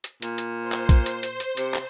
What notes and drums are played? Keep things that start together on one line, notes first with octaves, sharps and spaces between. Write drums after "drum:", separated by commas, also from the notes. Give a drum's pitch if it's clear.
drum: hi-hat
A#2, drum: hi-hat
drum: hi-hat
C5
drum: clap
drum: kick A#1, hi-hat
drum: hi-hat
drum: hi-hat
drum: hi-hat
C3, drum: hi-hat
drum: clap